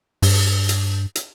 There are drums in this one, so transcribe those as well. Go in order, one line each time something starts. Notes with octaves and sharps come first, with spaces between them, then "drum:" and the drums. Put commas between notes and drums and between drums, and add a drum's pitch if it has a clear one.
G2, drum: open hi-hat
drum: hi-hat
drum: hi-hat